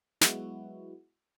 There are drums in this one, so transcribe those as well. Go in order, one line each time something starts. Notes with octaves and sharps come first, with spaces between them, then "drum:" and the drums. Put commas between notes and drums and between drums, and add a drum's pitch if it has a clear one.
F#3 G#3 B3 E4 F#4, drum: snare